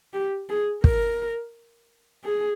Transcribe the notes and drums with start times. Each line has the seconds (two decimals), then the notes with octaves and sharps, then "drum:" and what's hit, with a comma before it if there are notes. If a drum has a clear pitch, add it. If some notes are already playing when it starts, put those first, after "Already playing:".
0.13 G4
0.49 G#4
0.84 A#4, drum: kick
2.24 G#4